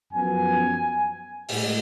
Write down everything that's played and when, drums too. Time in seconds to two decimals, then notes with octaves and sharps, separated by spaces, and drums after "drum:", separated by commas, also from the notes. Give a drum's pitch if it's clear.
0.13 F#2 F3 B3 G#5
1.49 A2 G#3, drum: open hi-hat